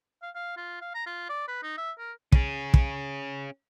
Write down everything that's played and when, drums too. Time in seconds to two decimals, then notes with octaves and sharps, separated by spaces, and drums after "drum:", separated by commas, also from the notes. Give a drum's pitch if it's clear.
0.22 F5
0.35 F5
0.57 F4
0.81 F5
0.95 A#5
1.06 F4
1.29 D5
1.48 B4
1.63 D#4
1.78 E5
1.98 A#4
2.32 C#4 G#4, drum: kick
2.74 drum: kick